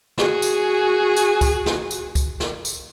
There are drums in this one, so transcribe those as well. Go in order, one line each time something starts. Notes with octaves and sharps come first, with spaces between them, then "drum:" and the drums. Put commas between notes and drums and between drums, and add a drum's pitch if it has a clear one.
F#4 G#4, drum: snare
drum: tambourine
drum: tambourine
drum: kick, tambourine
drum: snare
drum: tambourine
drum: kick, tambourine
drum: snare
drum: tambourine